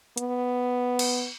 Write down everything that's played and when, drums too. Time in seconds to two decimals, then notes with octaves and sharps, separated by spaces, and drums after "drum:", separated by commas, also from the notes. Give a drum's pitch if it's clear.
0.17 B3, drum: hi-hat
0.99 drum: cymbal